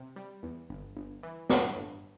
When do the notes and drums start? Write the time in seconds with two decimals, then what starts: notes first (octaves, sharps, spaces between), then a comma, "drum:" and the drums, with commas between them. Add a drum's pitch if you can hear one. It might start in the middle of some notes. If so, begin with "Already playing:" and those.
Already playing: C3
0.16 G3
0.43 E2
0.69 G1
0.96 G1
1.23 E3
1.50 G2, drum: snare
1.76 G1